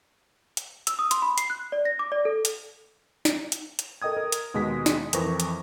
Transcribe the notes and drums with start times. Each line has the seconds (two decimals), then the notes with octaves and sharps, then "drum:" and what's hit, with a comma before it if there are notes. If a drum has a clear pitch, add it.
0.57 drum: hi-hat
0.87 E6, drum: hi-hat
0.99 D#6
1.11 C6, drum: hi-hat
1.22 B5
1.38 C7, drum: hi-hat
1.50 F#6
1.72 D5
1.85 A#6
1.99 D6
2.12 D5
2.25 A4
2.45 drum: hi-hat
3.25 drum: snare
3.52 drum: hi-hat
3.79 drum: hi-hat
4.02 A4 A#4 D#5 G5 D#6 G#6
4.17 A#4
4.32 drum: hi-hat
4.54 D#2 B2 G#3 D#6 B6
4.86 drum: snare
5.13 F2 E3 A#4 C5 C#6 A#6, drum: hi-hat
5.40 drum: hi-hat